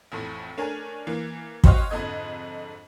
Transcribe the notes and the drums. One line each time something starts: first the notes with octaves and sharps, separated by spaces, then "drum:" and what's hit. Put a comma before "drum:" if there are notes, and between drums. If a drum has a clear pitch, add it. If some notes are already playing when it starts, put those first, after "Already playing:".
A1 F2 A2
A3 C#4 D4 A#4 G#5
E3 A#3
F#4 G4 C5 C#5 D#5 F5, drum: kick
F2 G#2 D3 D#5 G#6